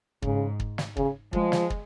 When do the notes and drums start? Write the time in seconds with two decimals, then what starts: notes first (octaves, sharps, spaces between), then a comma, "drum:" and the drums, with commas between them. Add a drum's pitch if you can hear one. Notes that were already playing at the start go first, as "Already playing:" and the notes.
0.22 G#2 C#3, drum: kick
0.60 drum: kick
0.78 drum: snare
0.97 C#3, drum: kick
1.33 F3 G#3, drum: kick
1.52 drum: snare
1.70 drum: kick